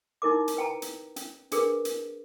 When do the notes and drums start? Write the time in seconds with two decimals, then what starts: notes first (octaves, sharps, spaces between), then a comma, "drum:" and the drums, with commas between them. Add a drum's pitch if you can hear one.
0.22 D#4 E4 A#4 D6
0.48 drum: hi-hat
0.57 B4 G5 A5 A#5
0.82 drum: hi-hat
1.16 C#4, drum: hi-hat
1.52 D4 G#4 A#4 B4, drum: hi-hat
1.85 drum: hi-hat